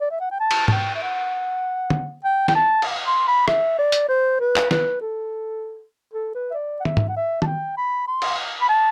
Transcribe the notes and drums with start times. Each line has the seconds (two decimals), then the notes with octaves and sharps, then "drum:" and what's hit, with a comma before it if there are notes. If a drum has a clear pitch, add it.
0.01 D5
0.11 E5
0.20 F#5
0.31 G5
0.40 A5
0.51 drum: cymbal
0.68 A5, drum: tom
0.72 G5
0.95 E5
1.03 F#5
1.90 drum: tom
2.24 G5
2.48 G5, drum: snare
2.55 A5
2.82 drum: cymbal
3.06 C6
3.28 B5
3.48 E5, drum: rim click
3.79 D5
3.92 drum: hi-hat
4.09 C5
4.40 B4
4.56 drum: clap
4.71 B4, drum: snare
5.01 A4
6.13 A4
6.35 B4
6.51 E5
6.54 D5
6.81 F#5
6.85 E5, drum: tom
6.97 drum: tom
7.09 F#5
7.17 E5
7.42 A5, drum: tom
7.47 G5
7.77 B5
8.08 C6
8.22 drum: cymbal
8.62 B5
8.69 A5